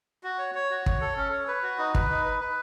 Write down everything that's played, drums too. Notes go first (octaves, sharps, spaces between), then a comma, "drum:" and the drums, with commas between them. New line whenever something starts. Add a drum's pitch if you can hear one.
F#4
C#5
C#5
F#4
C#5, drum: kick
A4
C#4
C#5
B4
F#4
D#4
B4, drum: kick
D#4
B4
B4